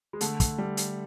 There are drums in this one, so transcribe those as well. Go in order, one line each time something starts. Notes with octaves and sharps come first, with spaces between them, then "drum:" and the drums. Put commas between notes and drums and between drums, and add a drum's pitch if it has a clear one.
G#3
D3 A3, drum: hi-hat
drum: kick, hi-hat
G3
drum: hi-hat